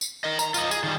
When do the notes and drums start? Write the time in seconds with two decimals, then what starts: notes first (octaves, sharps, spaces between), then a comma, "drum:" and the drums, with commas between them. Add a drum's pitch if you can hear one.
0.01 drum: tambourine
0.24 A#4 D#5
0.39 A#5, drum: tambourine
0.54 F4 D#5, drum: tambourine
0.71 G#4, drum: tambourine
0.83 D#3 G3